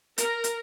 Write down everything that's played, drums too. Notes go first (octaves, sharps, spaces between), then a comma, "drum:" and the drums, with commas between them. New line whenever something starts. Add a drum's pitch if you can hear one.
A#4, drum: hi-hat
drum: hi-hat